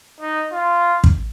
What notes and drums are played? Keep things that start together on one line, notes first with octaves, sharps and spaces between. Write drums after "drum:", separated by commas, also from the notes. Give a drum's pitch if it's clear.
D#4
F4
drum: kick